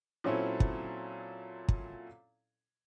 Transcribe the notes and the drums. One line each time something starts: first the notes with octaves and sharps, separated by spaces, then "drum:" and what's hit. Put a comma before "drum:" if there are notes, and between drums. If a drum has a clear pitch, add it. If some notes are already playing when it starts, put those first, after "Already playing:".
A#2 F#3 C4 C#4 E4 A4
drum: kick
drum: kick